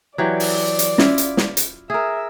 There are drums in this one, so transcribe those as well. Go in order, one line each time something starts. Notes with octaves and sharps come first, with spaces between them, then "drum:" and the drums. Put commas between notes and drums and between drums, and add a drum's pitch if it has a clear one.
E3 F#3 G4 D5
drum: open hi-hat
drum: hi-hat
C#4 E4 F4 E5, drum: snare
drum: hi-hat
drum: snare
drum: hi-hat
G#4 A#4 E5